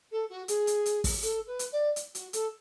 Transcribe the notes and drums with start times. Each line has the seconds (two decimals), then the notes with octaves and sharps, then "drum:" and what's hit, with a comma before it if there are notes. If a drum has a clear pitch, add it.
0.12 A4
0.30 F#4
0.48 G#4, drum: hi-hat
0.67 drum: hi-hat
0.86 drum: hi-hat
1.04 drum: kick, open hi-hat
1.23 A4, drum: hi-hat
1.47 B4
1.59 drum: hi-hat
1.72 D5
1.96 drum: hi-hat
2.15 F#4, drum: hi-hat
2.33 A4, drum: hi-hat